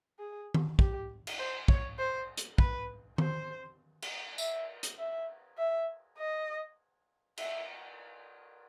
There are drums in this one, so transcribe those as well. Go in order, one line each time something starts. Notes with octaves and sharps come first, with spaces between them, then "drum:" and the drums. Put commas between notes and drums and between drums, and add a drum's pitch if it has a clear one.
G#4
drum: tom D#3
G4, drum: kick
drum: cymbal
C5
C#5, drum: kick
C5
drum: hi-hat
B4, drum: kick
C5, drum: tom D#3
drum: cymbal
E5, drum: tambourine
drum: hi-hat
E5
E5
D#5
E5, drum: cymbal